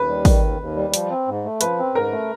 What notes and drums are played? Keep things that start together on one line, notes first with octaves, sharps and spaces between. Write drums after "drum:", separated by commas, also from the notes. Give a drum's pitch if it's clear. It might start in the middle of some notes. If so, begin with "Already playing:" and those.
Already playing: D#2 B4
G3
D#3, drum: kick, open hi-hat
D#2
D#2
G3
F3, drum: hi-hat
C4
G#2
A3
F3 B4, drum: hi-hat
C4
G#2 A#4
A3